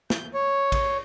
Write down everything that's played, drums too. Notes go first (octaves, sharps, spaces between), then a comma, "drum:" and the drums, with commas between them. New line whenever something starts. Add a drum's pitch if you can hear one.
G6, drum: snare
C#5
drum: kick A1, cymbal